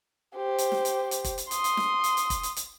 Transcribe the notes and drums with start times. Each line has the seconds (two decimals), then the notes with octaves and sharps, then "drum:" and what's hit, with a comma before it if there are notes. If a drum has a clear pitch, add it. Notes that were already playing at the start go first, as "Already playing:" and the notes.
0.37 G4 C5
0.58 drum: hi-hat
0.72 drum: snare
0.85 drum: hi-hat
1.11 drum: hi-hat
1.24 drum: kick, hi-hat
1.38 drum: hi-hat
1.51 C6 D#6, drum: hi-hat
1.64 drum: hi-hat
1.77 drum: snare
2.04 drum: hi-hat
2.17 drum: hi-hat
2.30 drum: kick, hi-hat
2.43 drum: hi-hat
2.56 drum: hi-hat